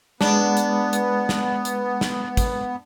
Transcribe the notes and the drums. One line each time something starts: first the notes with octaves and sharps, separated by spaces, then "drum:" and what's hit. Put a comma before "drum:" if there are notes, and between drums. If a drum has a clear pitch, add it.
G#3 B3 D4, drum: snare
drum: hi-hat
drum: hi-hat
drum: snare
drum: hi-hat
drum: snare
drum: kick, hi-hat